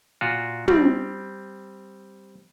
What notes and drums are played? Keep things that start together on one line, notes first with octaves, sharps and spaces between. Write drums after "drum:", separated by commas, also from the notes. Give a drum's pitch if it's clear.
A#2 F4 F#4
G3 C4, drum: tom